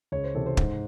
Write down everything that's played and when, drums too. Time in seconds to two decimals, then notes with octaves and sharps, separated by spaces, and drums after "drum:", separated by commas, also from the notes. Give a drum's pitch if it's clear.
0.12 C#2 C#5
0.24 C5
0.35 C3 E3 A4
0.46 C5
0.57 G#2, drum: kick